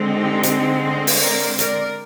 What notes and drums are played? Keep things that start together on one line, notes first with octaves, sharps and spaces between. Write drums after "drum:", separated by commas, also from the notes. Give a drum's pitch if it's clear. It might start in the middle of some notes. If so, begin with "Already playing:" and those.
Already playing: D3 G#3 C4
D#4 G4
drum: hi-hat
C5 D#5
drum: open hi-hat
A#4 D5
A#4 D5, drum: hi-hat